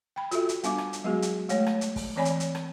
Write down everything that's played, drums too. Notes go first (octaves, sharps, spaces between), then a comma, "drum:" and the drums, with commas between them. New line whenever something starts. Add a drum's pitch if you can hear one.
G5 B5
F4 F#4 A4 E5, drum: hi-hat
drum: hi-hat
G3 B3 D4 E5 D6, drum: hi-hat
drum: rim click
drum: hi-hat
F#3 G#3 B3 F#4 G#4
drum: hi-hat
G#3 A3 C#5, drum: hi-hat
drum: rim click
drum: hi-hat
drum: kick, open hi-hat
E3 C4 C#5 D5 G#5 B5
drum: hi-hat
drum: hi-hat
drum: rim click